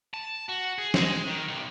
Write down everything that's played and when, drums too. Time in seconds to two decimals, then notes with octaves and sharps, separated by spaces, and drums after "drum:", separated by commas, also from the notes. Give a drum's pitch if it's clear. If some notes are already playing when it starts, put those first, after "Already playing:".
0.14 A5
0.49 F#4
0.78 G#4
0.94 G#3, drum: snare
1.27 D#3
1.48 B1